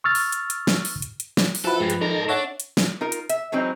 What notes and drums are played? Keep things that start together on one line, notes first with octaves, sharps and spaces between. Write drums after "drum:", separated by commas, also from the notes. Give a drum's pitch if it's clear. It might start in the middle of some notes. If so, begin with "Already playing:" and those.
C#6 E6 F6 A6
drum: open hi-hat
drum: hi-hat
drum: hi-hat
drum: snare
drum: open hi-hat
drum: hi-hat
drum: hi-hat
drum: snare
drum: open hi-hat
F3 E4 F#4 A4 B4
G2 G#3
drum: hi-hat
G#2 D#4 A4 A#4 A#6
D4 C#5 E5 F#5
drum: hi-hat
drum: snare
D#4 F4 A#4
drum: hi-hat
E5, drum: hi-hat
E3 F#3 G#3 C4 D#4